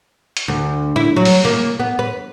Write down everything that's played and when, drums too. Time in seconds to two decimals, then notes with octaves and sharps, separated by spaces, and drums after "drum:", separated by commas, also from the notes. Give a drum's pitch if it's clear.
0.37 drum: hi-hat
0.48 D2
0.96 E4
1.16 F#3
1.25 drum: open hi-hat
1.45 A#3, drum: snare
1.79 B3
1.99 B4